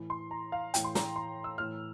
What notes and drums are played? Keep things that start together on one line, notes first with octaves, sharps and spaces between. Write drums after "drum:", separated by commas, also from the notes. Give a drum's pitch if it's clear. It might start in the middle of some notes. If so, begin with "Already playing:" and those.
Already playing: A2 E3
C6
A#5
F5
A2 E3 G5, drum: hi-hat
C6
A#5, drum: snare
C6
E6
A2 E3 F6